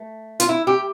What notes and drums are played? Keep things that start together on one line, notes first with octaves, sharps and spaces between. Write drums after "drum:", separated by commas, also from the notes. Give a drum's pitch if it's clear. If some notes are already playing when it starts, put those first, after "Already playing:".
Already playing: A3
F4, drum: hi-hat
E4
G4